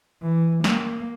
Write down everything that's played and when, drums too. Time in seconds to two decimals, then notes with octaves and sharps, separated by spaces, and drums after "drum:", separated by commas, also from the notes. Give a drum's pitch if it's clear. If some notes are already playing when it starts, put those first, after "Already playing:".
0.22 E3
0.64 A#3, drum: snare